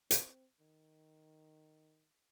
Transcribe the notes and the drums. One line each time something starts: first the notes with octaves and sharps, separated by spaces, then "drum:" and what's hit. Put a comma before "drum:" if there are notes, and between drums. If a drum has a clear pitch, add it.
C4, drum: hi-hat
D#3